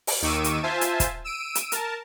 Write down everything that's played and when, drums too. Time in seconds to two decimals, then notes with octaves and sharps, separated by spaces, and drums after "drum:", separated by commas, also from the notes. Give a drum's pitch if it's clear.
0.07 drum: open hi-hat
0.22 D#2 D#3 C#6 D6 E6 D#7
0.44 drum: hi-hat
0.63 F4 C5 E5 G#5 A5
0.81 drum: hi-hat
1.00 drum: kick, hi-hat
1.24 E6 D7 D#7
1.55 drum: hi-hat
1.72 A#4 A5, drum: hi-hat